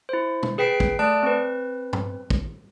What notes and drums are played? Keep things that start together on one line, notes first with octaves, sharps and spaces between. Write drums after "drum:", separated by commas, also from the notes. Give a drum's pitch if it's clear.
E4 C5
drum: tom
G#4 B4 G5 B6 C7 D7
drum: kick
A3 D5 A5 F#6 D7
C4 B4
drum: tom
drum: kick